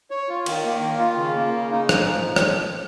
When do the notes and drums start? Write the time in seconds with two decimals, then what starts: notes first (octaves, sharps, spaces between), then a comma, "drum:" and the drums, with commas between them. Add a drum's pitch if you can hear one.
0.11 C#5
0.29 F4
0.46 D#3, drum: cymbal
0.65 A#3
0.82 D#3
0.99 F4
1.17 C#3
1.36 A#3
1.53 C#3
1.71 D#4
1.89 G#2, drum: rim click
2.07 F3
2.36 drum: rim click